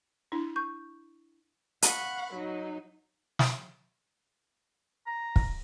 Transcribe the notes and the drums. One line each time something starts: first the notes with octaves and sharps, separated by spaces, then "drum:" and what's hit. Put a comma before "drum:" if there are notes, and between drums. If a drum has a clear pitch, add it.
D4 E4
C#6 G6
F5 F#5 B5 C#6, drum: hi-hat
F#3 D#4
drum: snare
A#5
drum: kick